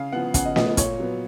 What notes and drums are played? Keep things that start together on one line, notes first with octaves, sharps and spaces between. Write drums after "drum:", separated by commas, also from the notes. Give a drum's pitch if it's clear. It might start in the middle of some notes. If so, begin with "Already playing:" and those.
Already playing: C#3 F5
F3 B3 F#5
C#3 F#5, drum: kick, hi-hat
D#5
F3 B3 D#5, drum: snare
D#5
A#2 C#5, drum: kick, hi-hat
F#3 B3